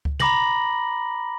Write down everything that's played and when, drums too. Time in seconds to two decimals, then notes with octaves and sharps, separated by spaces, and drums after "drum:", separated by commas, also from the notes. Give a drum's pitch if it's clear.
0.05 drum: kick C#2
0.20 A#5 B5 D6 A#6 F#7, drum: tom